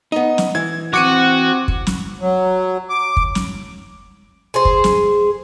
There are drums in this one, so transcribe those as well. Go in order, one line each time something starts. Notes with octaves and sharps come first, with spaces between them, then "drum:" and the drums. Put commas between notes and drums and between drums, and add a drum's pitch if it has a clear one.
B3 D#4 D#5
drum: snare
E3 G#6
C4 F#4 D6 C#7 D#7
drum: kick
drum: snare
F#3
D6
drum: kick
drum: snare
G#4 C5
drum: kick
drum: snare